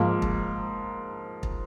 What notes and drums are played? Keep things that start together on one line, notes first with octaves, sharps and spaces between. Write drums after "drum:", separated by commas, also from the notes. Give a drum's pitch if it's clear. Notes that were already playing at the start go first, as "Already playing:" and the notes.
Already playing: G#2 F3 A#3
drum: kick
drum: kick